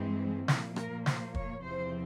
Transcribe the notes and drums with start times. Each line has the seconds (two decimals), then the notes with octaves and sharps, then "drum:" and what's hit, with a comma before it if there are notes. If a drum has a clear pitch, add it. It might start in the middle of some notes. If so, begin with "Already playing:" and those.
Already playing: G2 E3 G#3 C4
0.48 A#2 F3 A#3 E4, drum: snare
0.76 A#4, drum: rim click
1.06 C5, drum: snare
1.35 C#5, drum: kick
1.62 E2 C3 F3 C4 C5